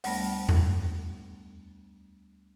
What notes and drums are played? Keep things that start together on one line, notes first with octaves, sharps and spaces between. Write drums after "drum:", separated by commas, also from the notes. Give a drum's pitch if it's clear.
D2 G3 A3 B3 A#6, drum: open hi-hat
drum: tom E2